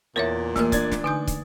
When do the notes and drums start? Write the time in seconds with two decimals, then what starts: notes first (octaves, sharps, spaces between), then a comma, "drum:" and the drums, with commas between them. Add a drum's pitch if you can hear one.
0.16 E2 A#2 A#4 C#5 E5 A6
0.56 E3 A3 A#3 A#4 F6, drum: snare
0.72 D4 G#6 A6, drum: kick, hi-hat
0.92 drum: snare
1.04 D3 D#4 G#5 D#6 G6
1.27 drum: kick, hi-hat